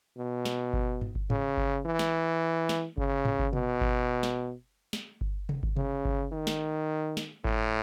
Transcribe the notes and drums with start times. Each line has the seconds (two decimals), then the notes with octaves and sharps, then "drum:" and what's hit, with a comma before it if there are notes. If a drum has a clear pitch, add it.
0.17 B2
0.45 drum: snare
0.73 drum: kick G1
1.01 drum: tom G2
1.15 drum: kick G1
1.30 C#3, drum: tom G#2
1.57 drum: kick G1
1.86 E3
1.99 drum: snare
2.69 drum: snare
2.98 C#3, drum: kick G1
3.25 drum: tom G#2
3.39 drum: kick G1
3.53 B2, drum: tom C3
3.81 drum: kick G1
4.23 drum: snare
4.93 drum: snare
5.21 drum: kick G1
5.49 drum: tom C3
5.63 drum: kick G1
5.77 C#3, drum: tom C3
6.05 drum: kick G1
6.32 D#3
6.47 drum: snare
7.17 drum: snare
7.45 A2, drum: kick G1